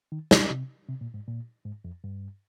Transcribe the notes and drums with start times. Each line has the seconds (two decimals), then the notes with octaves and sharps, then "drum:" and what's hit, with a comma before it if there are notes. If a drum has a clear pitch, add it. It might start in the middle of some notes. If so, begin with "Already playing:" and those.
0.12 D#3
0.31 C3, drum: snare
0.50 C3
0.88 C3
1.01 A#2
1.14 G#2
1.28 A#2
1.65 G#2
1.85 F2
2.04 G2